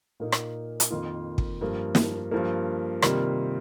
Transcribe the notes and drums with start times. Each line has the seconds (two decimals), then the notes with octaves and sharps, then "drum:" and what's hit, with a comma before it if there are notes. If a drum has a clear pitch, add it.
0.20 A#2 A#3 D#4
0.32 drum: rim click
0.80 drum: hi-hat
0.91 F2 D#3 A#3 F4
1.38 drum: kick
1.61 G2 F3 A#3
1.95 drum: snare
2.31 G2 F3 A#3
3.02 C3 D#3 G3 A#3 F4, drum: rim click